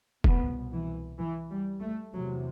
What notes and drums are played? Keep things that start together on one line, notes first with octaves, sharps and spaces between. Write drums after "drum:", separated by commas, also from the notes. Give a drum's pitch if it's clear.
C2 B2 B3, drum: kick E1
E3
E3
G3
A3
E2 C3 F#3